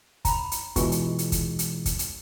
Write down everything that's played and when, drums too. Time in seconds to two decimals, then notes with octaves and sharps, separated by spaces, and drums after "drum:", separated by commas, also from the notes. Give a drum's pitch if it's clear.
0.25 A#5 B5, drum: kick, hi-hat
0.52 drum: hi-hat
0.76 B2 E3 G#3 F4 G#4 C#6, drum: kick, hi-hat
0.92 drum: hi-hat
1.19 drum: hi-hat
1.32 drum: kick, hi-hat
1.59 drum: hi-hat
1.86 drum: kick, hi-hat
1.99 drum: hi-hat